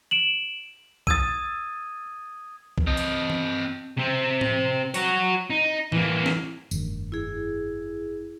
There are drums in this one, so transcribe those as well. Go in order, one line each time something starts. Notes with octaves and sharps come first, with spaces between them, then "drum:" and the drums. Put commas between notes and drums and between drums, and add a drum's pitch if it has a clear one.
D7 E7 F#7
D#6 E6 G#6 A6 D#7, drum: kick B1
drum: kick B1
C4 D#5
drum: hi-hat
drum: tom D#3
C3 C4
drum: tom A2
F#4 C#5, drum: hi-hat
D#4
E3 A#3, drum: tom A2
drum: snare
F1 G2 D#3, drum: tambourine
E4 G#4